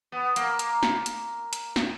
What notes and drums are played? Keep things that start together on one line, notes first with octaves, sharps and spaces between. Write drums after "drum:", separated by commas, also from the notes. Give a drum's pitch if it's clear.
B3
A#3, drum: hi-hat
drum: hi-hat
drum: snare
drum: hi-hat
drum: hi-hat
drum: snare